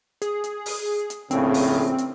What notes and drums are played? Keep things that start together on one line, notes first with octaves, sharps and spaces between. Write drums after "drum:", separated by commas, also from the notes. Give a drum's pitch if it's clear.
G#4, drum: hi-hat
drum: hi-hat
drum: open hi-hat
drum: hi-hat
A#1 A2 C#3 C4, drum: hi-hat
drum: open hi-hat
drum: hi-hat